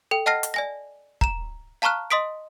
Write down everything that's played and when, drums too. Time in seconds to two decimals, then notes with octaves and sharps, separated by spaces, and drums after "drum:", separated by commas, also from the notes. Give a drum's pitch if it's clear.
0.11 A4 G5
0.26 D#5 F#5 A5 F6 A#6 C7
0.43 drum: hi-hat
0.54 D5 G#5 A#6
1.21 A#5 E7, drum: kick
1.82 F5 A5 A#5 C#6 F6 F#6
2.11 D#5 C6 D#6 B6 D7